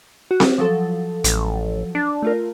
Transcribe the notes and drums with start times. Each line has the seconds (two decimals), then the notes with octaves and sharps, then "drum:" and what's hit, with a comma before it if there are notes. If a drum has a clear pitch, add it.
0.31 F#4
0.40 drum: snare C4
0.58 F3 F#3 A4
1.24 A1, drum: hi-hat
1.95 D4
2.22 A3 F4 A#4